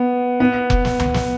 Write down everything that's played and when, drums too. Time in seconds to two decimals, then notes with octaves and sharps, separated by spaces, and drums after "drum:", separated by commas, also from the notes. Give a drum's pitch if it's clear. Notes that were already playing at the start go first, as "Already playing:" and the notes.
Already playing: B3
0.40 B3
0.70 drum: kick F1
0.85 drum: snare
0.99 drum: tom C#2
1.14 drum: snare